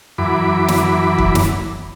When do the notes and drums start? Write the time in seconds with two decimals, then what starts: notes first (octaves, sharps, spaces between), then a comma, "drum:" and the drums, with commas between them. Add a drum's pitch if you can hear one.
0.18 F#2 E3 B5 D6
0.68 drum: snare
1.18 drum: kick
1.35 drum: snare